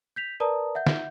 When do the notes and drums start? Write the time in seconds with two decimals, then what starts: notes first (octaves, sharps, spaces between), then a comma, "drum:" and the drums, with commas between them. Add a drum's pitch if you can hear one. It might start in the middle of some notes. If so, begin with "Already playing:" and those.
0.16 G6 B6 F7
0.40 A#4 B4 D5 A5 A#5 D#6
0.75 E5 F#5 G6
0.86 drum: snare